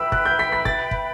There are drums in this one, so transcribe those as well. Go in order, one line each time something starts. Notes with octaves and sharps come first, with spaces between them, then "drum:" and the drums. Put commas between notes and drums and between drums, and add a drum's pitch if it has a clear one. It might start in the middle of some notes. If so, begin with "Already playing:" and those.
Already playing: B4 E5 G5 B5 E6
F#6, drum: kick
G6
B6
B6
A6, drum: kick
drum: kick